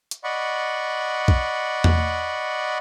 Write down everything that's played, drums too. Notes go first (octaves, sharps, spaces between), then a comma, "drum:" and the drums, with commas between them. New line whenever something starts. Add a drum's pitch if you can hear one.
drum: hi-hat
D5 D#5 F#5 B5 C#6
drum: kick B1
drum: tom E2